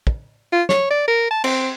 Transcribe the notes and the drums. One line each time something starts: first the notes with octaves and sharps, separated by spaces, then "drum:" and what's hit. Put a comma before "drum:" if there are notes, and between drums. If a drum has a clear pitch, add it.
drum: kick
F4
C#5, drum: snare
D5
A#4
A5
C4, drum: cymbal